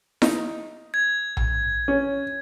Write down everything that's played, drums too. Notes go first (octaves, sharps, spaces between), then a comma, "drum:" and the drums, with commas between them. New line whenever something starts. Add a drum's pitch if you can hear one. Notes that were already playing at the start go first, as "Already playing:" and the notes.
D#4, drum: snare E4
G#6
drum: tom A#1
C#4